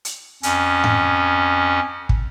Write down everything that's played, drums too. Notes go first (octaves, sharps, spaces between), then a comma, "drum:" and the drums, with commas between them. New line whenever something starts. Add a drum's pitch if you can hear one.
drum: hi-hat
F2 C#4, drum: hi-hat
drum: tom G#2
drum: kick